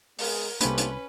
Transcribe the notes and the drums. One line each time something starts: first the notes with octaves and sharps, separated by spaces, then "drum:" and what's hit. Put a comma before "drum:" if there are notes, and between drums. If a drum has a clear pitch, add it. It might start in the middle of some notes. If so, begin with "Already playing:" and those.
G#3 B3 G#4 A#4, drum: open hi-hat
C2 A3 A#3 C#4 G4 B4 C5 B5, drum: hi-hat
drum: hi-hat